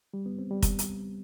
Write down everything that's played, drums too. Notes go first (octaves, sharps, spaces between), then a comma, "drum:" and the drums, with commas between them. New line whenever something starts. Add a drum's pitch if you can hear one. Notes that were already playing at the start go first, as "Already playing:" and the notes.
G3
B3
C4
G3
drum: kick, hi-hat
drum: hi-hat